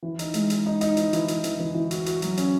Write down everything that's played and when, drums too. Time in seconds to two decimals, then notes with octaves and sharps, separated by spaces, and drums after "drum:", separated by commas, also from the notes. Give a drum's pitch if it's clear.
0.03 E3
0.19 D#4, drum: hi-hat
0.34 G#3, drum: hi-hat
0.50 D#4, drum: hi-hat
0.66 D#4
0.81 D#4, drum: hi-hat
0.97 E3, drum: hi-hat
1.13 E3, drum: hi-hat
1.28 E3, drum: hi-hat
1.44 E3, drum: hi-hat
1.59 E3
1.74 E3
1.91 F#4, drum: hi-hat
2.06 F#4, drum: hi-hat
2.22 F#3, drum: hi-hat
2.37 C#4, drum: hi-hat